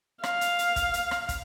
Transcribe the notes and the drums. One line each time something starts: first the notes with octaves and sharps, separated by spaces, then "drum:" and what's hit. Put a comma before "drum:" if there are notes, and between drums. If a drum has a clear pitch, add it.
F5, drum: rim click
drum: hi-hat
drum: hi-hat
drum: kick, hi-hat
drum: hi-hat
drum: rim click
drum: kick, hi-hat